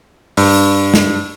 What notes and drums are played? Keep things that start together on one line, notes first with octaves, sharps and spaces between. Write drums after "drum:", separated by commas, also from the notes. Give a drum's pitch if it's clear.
G2, drum: open hi-hat
drum: snare